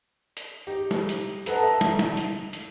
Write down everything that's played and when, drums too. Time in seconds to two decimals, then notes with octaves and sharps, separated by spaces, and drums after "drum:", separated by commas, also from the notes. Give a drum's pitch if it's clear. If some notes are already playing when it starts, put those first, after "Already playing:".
0.37 drum: hi-hat
0.67 D#4 G4
0.91 drum: snare
1.09 drum: hi-hat
1.46 A4 B4 D#5 F#5 A5 A#5, drum: hi-hat
1.63 E5
1.81 drum: snare
1.99 drum: snare
2.17 drum: hi-hat
2.53 drum: hi-hat